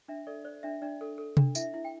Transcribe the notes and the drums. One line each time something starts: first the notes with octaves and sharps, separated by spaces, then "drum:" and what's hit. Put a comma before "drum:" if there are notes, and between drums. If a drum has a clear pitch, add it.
D4 E5
A4 D5
C5 D5
D4 E5
D4 D5
A4
A4
D4, drum: tom C3
E4 E5, drum: tambourine
E4
G5